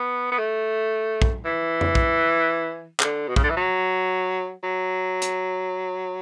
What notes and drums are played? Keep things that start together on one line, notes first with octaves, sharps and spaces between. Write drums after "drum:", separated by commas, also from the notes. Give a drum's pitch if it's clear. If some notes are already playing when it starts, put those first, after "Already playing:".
Already playing: B3
B3
A3
drum: kick
E3
drum: tom F2
drum: kick
C#3, drum: clap
D3
B2
C#3, drum: kick
D3
E3
F#3
F#3
drum: hi-hat